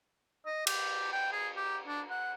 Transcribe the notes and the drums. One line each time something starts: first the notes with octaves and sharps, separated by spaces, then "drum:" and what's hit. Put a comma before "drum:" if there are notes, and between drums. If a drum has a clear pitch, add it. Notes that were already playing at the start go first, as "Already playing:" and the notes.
D#5
G4, drum: cymbal
G5
G#4
G4
D4
F#5